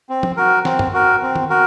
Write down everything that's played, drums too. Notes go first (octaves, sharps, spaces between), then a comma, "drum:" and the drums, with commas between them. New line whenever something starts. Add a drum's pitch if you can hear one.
C4
drum: tom F3
F#4 A#4
C4, drum: snare
drum: tom F#2
F#4 A#4
C4
drum: tom D#3
F#4 A#4